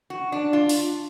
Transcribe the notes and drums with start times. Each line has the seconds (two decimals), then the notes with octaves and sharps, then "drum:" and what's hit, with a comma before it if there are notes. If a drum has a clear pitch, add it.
0.10 F#4
0.32 D4
0.53 F4
0.69 drum: open hi-hat